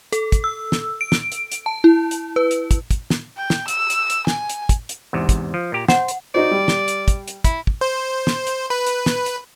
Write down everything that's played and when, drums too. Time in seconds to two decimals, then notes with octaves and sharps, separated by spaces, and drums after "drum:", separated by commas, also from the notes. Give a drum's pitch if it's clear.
0.12 A4, drum: hi-hat
0.32 drum: kick, hi-hat
0.44 E6
0.72 drum: snare
1.01 D7
1.12 drum: snare
1.32 drum: hi-hat
1.52 drum: hi-hat
1.66 A5
1.84 E4
2.11 drum: hi-hat
2.36 B4
2.51 drum: hi-hat
2.71 drum: kick, hi-hat
2.91 drum: kick, hi-hat
3.10 drum: snare
3.37 G5
3.50 drum: snare
3.68 E6, drum: hi-hat
3.90 drum: hi-hat
4.10 drum: hi-hat
4.27 G#5, drum: snare
4.49 drum: hi-hat
4.69 drum: kick, hi-hat
4.89 drum: hi-hat
5.13 E2 G#2 C3
5.29 drum: kick, hi-hat
5.54 F3
5.72 A#2 G4 A#5
5.88 C5 F#5, drum: snare
6.08 drum: hi-hat
6.35 D#4 F#4 C5 D5
6.51 G3
6.68 drum: snare
6.88 drum: hi-hat
7.08 drum: kick, hi-hat
7.28 drum: hi-hat
7.44 E4, drum: kick, hi-hat
7.67 drum: kick
7.81 C5
8.27 drum: snare
8.47 drum: hi-hat
8.70 B4
8.86 drum: hi-hat
9.06 drum: snare
9.26 drum: hi-hat